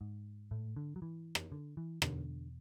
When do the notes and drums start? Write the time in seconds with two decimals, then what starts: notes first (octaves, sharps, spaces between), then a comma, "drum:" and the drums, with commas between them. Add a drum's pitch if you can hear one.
0.01 G#2
0.51 A2 A3
0.76 D3
0.96 F#3
1.02 E3
1.35 drum: rim click
1.52 D3
1.77 E3
2.02 E2 B2 D3, drum: rim click